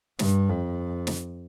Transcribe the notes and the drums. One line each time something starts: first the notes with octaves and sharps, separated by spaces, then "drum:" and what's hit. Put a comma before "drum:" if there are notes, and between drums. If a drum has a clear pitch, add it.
G2, drum: snare
F2
drum: snare